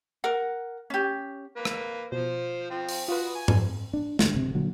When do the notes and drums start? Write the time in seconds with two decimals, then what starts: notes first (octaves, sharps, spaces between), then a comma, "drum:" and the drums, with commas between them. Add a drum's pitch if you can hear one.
0.24 A#4 F#5
0.90 C#4 G4
1.56 A#3 B4
1.65 drum: rim click
2.12 B2 F3 C5
2.70 F3 C4
2.89 drum: open hi-hat
3.08 F4 F#4 B4 D#6
3.35 G#5
3.48 drum: tom G#2
3.93 D4
4.19 D2 G2, drum: snare
4.34 D1 C3
4.55 A#2 D3 F#3